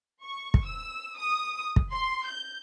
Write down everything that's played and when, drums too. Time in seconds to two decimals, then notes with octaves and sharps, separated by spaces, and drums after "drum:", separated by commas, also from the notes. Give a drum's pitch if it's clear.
0.23 C#6
0.54 drum: kick
0.65 E6
1.17 D#6
1.76 drum: kick
1.92 C6
2.27 G6